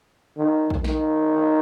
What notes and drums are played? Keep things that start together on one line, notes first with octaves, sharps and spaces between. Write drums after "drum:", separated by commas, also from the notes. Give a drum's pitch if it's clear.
D#3
drum: kick B1
D#3, drum: snare